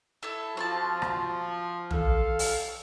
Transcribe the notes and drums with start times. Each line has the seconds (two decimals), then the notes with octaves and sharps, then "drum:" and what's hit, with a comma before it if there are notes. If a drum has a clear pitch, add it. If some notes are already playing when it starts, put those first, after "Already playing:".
0.23 E4 A4 E6
0.57 F3 C4 F4 F#4 A5
1.02 drum: rim click
1.91 A4 F5, drum: tom
2.39 drum: open hi-hat